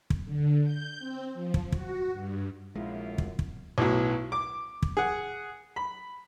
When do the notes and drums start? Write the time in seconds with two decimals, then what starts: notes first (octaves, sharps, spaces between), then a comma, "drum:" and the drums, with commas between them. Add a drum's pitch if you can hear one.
0.10 drum: kick
0.25 D3
0.63 G6
0.99 C4
1.34 F3
1.54 drum: kick
1.72 F#4, drum: kick
2.11 G2
2.76 A#1 F#2 G#3 E4 F4
3.18 drum: kick
3.39 drum: kick
3.78 B1 A2 F#3
4.32 D6
4.82 drum: kick
4.97 G#4 F#5
5.76 B5